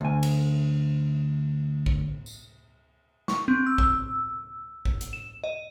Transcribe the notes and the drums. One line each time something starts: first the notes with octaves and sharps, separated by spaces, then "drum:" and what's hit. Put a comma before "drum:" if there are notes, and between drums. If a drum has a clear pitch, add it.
D2 G#5
drum: cymbal
drum: kick A1
drum: tambourine
C#6, drum: snare
C4
E6
E6, drum: kick A1
drum: kick A1
drum: hi-hat
E7
D#5